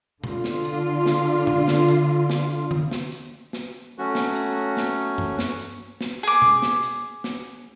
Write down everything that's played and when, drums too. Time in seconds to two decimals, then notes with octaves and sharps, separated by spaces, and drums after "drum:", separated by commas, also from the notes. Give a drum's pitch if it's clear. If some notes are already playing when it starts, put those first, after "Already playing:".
0.24 D3 F4, drum: tom B2
0.44 drum: snare
0.65 drum: hi-hat
1.06 drum: snare
1.47 drum: tom B2
1.68 drum: snare
1.88 drum: hi-hat
2.30 drum: snare
2.71 drum: tom D3
2.91 drum: snare
3.12 drum: hi-hat
3.53 drum: snare
3.98 F#3 A3 C#4 F#4
4.15 drum: snare
4.36 drum: hi-hat
4.77 drum: snare
5.18 drum: tom G2
5.39 drum: snare
5.59 drum: hi-hat
6.01 drum: snare
6.23 G#4 D6
6.42 drum: tom B2
6.62 drum: snare
6.83 drum: hi-hat
7.24 drum: snare